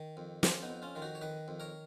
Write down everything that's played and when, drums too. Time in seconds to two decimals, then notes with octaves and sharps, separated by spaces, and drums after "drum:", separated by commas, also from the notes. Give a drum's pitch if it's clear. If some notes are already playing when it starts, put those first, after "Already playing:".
Already playing: D#3
0.17 F2
0.43 F2 C#4 F4, drum: snare
0.62 B3 D#4
0.69 F2
0.82 C#4 F4
0.95 D#3 F4
1.02 D#4 F#4
1.15 C#5
1.21 D#3 B4 D#5
1.48 F2
1.60 A#4 C#5